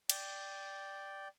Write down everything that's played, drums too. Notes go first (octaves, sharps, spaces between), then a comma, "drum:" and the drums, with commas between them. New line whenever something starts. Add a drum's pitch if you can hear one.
D5 G5, drum: cymbal